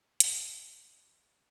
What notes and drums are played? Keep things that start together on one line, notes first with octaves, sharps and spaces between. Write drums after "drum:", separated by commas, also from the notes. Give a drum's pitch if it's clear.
D3 G#3 B3 D5, drum: hi-hat
D5
B4
B4